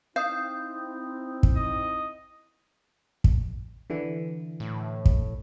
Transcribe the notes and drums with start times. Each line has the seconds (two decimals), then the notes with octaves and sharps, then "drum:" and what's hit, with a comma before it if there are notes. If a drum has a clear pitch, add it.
0.16 C4 D#4 E4 F5 D#6 G6
1.43 drum: kick
1.56 D#5
3.24 drum: kick
3.90 D3 E3
4.60 A2
5.05 drum: kick